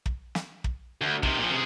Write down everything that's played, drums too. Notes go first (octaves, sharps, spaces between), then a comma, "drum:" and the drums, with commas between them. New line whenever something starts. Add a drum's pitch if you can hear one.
drum: kick
drum: snare
drum: kick
D2
C3 D#3, drum: kick
A#2 F3
C3 G#4